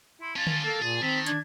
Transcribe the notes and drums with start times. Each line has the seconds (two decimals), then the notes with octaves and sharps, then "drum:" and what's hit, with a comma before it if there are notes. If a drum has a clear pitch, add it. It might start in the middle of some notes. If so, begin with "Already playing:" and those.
0.21 E4 C6
0.36 C#4 F4 A5 A6
0.47 drum: tom D3
0.63 A#3 A4
0.82 A#2 G#4
1.02 D#3 C4 B6
1.27 D4 G#6, drum: hi-hat